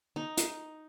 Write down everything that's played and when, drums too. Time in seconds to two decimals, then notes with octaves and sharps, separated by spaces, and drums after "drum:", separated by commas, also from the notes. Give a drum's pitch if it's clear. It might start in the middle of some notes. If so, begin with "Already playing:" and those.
0.16 D#4
0.37 drum: hi-hat